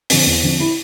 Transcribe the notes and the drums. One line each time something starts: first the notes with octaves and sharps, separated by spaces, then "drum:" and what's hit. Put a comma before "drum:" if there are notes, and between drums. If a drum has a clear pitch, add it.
D3 F3 C4, drum: open hi-hat
E2
D3 F3 C4
E4